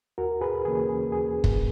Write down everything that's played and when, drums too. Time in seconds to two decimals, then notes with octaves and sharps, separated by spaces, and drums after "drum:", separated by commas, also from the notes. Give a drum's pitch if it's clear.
0.18 D#2 F#4 A#4
0.41 G#4 B4
0.65 C#3 E3 A#3 C#4 G#4
0.89 G#4
1.12 D#2 G#4
1.44 drum: kick